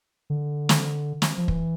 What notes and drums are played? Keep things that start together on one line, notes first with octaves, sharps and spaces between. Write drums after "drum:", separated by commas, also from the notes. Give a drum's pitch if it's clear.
D3
drum: snare
drum: snare
F3
E3, drum: kick